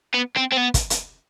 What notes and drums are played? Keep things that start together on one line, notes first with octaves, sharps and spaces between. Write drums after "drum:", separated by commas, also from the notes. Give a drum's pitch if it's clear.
B3
C4
C4
B3
drum: kick, hi-hat
drum: hi-hat